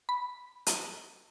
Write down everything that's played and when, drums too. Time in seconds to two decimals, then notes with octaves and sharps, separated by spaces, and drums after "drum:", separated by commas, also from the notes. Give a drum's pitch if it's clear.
0.09 B5
0.67 drum: hi-hat